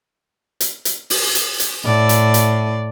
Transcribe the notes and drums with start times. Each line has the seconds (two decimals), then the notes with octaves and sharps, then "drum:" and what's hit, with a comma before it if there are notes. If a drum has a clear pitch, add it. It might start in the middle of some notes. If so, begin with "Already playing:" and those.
0.60 drum: hi-hat
0.85 drum: hi-hat
1.10 drum: open hi-hat
1.35 drum: hi-hat
1.60 drum: hi-hat
1.84 A2 D5
2.09 drum: hi-hat
2.34 drum: hi-hat